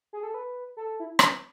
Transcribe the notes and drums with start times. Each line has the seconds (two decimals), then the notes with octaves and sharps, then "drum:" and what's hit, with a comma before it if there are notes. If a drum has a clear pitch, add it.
0.13 G#4
0.23 A4
0.34 B4
0.77 A4
1.00 E4
1.19 drum: rim click